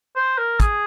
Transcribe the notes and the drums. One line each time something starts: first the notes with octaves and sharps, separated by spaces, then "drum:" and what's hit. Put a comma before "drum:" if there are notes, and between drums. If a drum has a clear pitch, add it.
C5
A#4
G#4, drum: kick, hi-hat